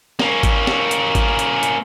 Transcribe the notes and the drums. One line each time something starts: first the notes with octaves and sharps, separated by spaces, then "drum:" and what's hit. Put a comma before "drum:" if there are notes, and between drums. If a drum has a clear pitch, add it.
A#3 C#4, drum: snare
drum: kick G#1, hi-hat
drum: snare
drum: hi-hat
drum: kick G#1, hi-hat
drum: hi-hat
drum: hi-hat